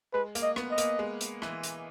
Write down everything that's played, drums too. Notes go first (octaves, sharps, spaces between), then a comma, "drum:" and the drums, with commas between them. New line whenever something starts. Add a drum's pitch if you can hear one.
G#3 B4
A#3, drum: hi-hat
D#5
B3, drum: rim click
D#5
A#3, drum: hi-hat
G#3
drum: hi-hat
E3, drum: rim click
drum: hi-hat